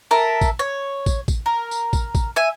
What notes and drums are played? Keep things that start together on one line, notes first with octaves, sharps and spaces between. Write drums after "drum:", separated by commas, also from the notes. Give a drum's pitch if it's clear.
A4 A#4 E5
drum: kick, tambourine
C#5
drum: kick, tambourine
drum: kick, tambourine
A#4
drum: tambourine
drum: kick, tambourine
drum: kick, tambourine
E5 G#5